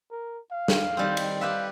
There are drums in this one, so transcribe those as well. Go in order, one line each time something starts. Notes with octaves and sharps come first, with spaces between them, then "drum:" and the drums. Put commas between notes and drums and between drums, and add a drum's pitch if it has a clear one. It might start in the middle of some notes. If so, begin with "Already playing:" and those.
A#4
F5
drum: snare
D#3 G3 C4
drum: cymbal
G4 B4 E5 F5